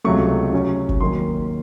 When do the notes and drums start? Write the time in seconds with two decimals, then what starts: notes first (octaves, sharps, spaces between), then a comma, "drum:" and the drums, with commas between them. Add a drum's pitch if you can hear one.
0.04 C#2 C3 F#3 A3 C#6
0.53 C3 F#3 C#4
0.89 drum: kick G1
1.00 D#2 D#3 F#3 C6